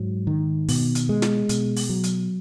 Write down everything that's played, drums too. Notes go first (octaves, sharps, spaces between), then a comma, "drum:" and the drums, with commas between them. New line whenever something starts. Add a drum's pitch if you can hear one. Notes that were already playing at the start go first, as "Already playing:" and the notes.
Already playing: G#2 F#3
D#3
B2, drum: open hi-hat
drum: hi-hat
G#3
drum: snare
B2, drum: hi-hat
drum: open hi-hat
F#3
drum: hi-hat